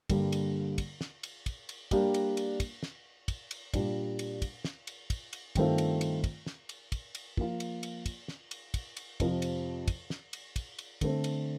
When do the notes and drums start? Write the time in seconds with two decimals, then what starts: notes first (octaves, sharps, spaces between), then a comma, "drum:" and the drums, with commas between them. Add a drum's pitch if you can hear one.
0.10 G2 D3 G3 A#3, drum: kick, cymbal
0.32 drum: cymbal
0.78 drum: kick, cymbal
1.01 drum: snare
1.23 drum: cymbal
1.46 drum: kick, cymbal
1.69 drum: cymbal
1.91 G3 A#3 D4 G4, drum: kick, cymbal
2.14 drum: cymbal
2.37 drum: cymbal
2.60 drum: kick, cymbal
2.83 drum: snare
3.28 drum: kick, cymbal
3.51 drum: cymbal
3.74 A#2 G3 D4, drum: kick, cymbal
4.19 drum: cymbal
4.42 drum: kick, cymbal
4.65 drum: snare
4.87 drum: cymbal
5.10 drum: kick, cymbal
5.33 drum: cymbal
5.55 G2 D#3 A3 C4 F4, drum: kick, cymbal
5.78 drum: cymbal
6.01 drum: cymbal
6.24 drum: kick, cymbal
6.46 drum: snare
6.69 drum: cymbal
6.92 drum: kick, cymbal
7.15 drum: cymbal
7.37 F3 A#3 F4, drum: kick
7.60 drum: cymbal
7.83 drum: cymbal
8.06 drum: kick, cymbal
8.28 drum: snare
8.51 drum: cymbal
8.74 drum: kick, cymbal
8.97 drum: cymbal
9.20 F2 C3 F3, drum: kick, cymbal
9.42 drum: cymbal
9.88 drum: kick, cymbal
10.10 drum: snare
10.33 drum: cymbal
10.56 drum: kick, cymbal
10.79 drum: cymbal
11.01 D3 A3 C4, drum: kick, cymbal
11.24 drum: cymbal